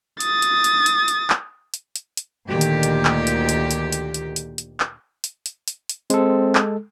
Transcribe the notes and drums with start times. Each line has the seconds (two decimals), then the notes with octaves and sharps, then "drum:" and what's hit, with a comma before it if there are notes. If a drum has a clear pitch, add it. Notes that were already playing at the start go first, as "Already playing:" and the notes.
0.20 D#6 A6, drum: hi-hat
0.42 drum: hi-hat
0.64 drum: hi-hat
0.86 drum: hi-hat
1.08 drum: hi-hat
1.30 drum: clap
1.74 drum: hi-hat
1.96 drum: hi-hat
2.17 drum: hi-hat
2.48 D2 A#2 D#3 G4
2.61 drum: hi-hat
2.83 drum: hi-hat
3.05 drum: clap
3.27 drum: hi-hat
3.49 drum: hi-hat
3.71 drum: hi-hat
3.92 drum: hi-hat
4.14 drum: hi-hat
4.36 drum: hi-hat
4.58 drum: hi-hat
4.80 drum: clap
5.24 drum: hi-hat
5.46 drum: hi-hat
5.68 drum: hi-hat
5.89 drum: hi-hat
6.10 G#3 C4 A4, drum: hi-hat
6.55 drum: clap